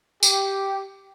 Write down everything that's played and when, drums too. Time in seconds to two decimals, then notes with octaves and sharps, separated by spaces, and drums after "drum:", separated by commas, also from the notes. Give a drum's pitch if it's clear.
0.23 G4, drum: tambourine